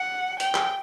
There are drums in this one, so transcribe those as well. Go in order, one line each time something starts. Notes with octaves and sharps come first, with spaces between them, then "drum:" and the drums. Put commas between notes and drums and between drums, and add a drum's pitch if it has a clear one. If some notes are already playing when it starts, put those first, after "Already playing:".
Already playing: F#5
G5, drum: hi-hat
drum: clap